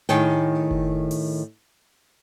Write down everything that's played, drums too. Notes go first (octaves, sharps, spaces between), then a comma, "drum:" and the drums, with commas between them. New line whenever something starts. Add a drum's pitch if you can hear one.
A2 D#3 G#4 G5, drum: snare
drum: kick F#1
drum: open hi-hat